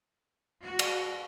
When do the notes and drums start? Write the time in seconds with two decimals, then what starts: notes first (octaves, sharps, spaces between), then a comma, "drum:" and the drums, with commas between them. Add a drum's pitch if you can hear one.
0.63 F#4
0.79 drum: cymbal